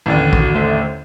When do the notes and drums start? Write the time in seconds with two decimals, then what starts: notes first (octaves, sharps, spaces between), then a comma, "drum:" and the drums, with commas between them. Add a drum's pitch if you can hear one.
0.06 A1 D#2 D3 E3
0.33 F#4, drum: kick
0.55 A3 C5 E5